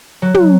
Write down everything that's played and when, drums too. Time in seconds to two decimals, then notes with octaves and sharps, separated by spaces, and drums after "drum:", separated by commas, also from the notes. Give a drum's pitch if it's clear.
0.22 F#3
0.34 drum: tom